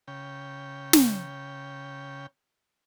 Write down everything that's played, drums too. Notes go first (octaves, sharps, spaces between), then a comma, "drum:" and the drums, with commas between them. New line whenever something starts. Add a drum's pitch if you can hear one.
C#3 G5
drum: snare